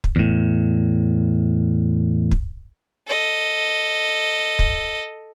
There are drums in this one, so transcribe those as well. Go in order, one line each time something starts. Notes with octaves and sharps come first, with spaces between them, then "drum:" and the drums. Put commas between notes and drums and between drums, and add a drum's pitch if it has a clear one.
drum: kick
E2 A2
drum: kick
A4 D#5
drum: kick